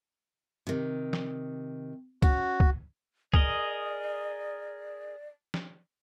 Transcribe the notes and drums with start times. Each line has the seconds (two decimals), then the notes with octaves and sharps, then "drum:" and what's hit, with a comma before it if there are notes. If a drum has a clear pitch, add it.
0.67 C3 D#3
1.13 drum: snare
2.22 C#4 F#4, drum: kick C#2
2.60 drum: kick C#2
3.33 G#4 A#4 D5 D#5, drum: kick C#2
5.54 drum: snare